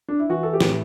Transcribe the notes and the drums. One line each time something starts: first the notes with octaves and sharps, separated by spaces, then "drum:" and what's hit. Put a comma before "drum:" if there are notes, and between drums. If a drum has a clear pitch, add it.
D4
E4
E3 F#4
A4
G4
A2, drum: snare